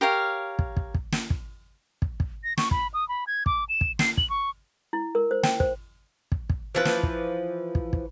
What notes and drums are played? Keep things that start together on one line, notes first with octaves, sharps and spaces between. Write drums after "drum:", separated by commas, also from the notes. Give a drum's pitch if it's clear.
G4 A#4 C#5 F5
drum: kick
drum: kick
drum: kick
drum: snare
drum: kick
drum: kick
drum: kick
A#6
C#6, drum: snare
B5, drum: kick
D#6
B5
G#6
D6, drum: kick
E7
drum: kick
C7, drum: snare
F#7, drum: kick
C#6
E4
A#4
C5
G5, drum: snare
C5, drum: kick
drum: kick
drum: kick
E3 F3 B4
drum: snare
drum: kick
drum: kick
drum: kick